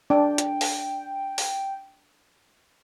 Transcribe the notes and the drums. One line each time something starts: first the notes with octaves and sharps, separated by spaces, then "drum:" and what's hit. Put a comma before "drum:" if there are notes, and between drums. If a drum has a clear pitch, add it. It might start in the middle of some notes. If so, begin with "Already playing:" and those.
D4 G5
drum: hi-hat
drum: open hi-hat
drum: open hi-hat